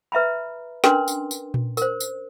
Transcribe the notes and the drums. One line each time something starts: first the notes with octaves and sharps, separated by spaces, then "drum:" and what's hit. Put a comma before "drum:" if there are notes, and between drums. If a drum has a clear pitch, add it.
B4 E5 A#5 B5
C#4 D4 A#4 B4 C6, drum: snare
drum: tambourine
drum: tambourine
drum: tom A#2
A#4 C5, drum: tambourine
drum: tambourine